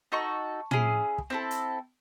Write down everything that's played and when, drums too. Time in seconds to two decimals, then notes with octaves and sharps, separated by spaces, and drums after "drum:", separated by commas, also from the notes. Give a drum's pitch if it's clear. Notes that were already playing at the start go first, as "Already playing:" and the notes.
0.12 D#4 F#4 A4 C#6
0.71 C#4 E4 G#4, drum: tom
1.18 drum: kick
1.30 C4 E4 A4
1.51 drum: hi-hat